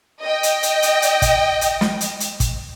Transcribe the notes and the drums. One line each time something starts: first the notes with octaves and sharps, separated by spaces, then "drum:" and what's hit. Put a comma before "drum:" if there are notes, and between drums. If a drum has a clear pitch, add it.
D#5 G5
drum: hi-hat
drum: hi-hat
drum: hi-hat
drum: hi-hat
drum: kick, hi-hat
drum: hi-hat
drum: snare
drum: hi-hat
drum: hi-hat
drum: kick, hi-hat